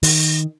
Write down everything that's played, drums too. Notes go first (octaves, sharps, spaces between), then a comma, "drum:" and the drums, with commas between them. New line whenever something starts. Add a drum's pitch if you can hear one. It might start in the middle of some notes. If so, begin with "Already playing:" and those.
D#3, drum: open hi-hat